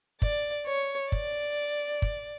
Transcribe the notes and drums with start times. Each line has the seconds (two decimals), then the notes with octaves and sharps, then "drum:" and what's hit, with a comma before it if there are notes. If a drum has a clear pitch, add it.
0.22 D5, drum: kick
0.66 C#5
1.12 D5, drum: kick
2.02 drum: kick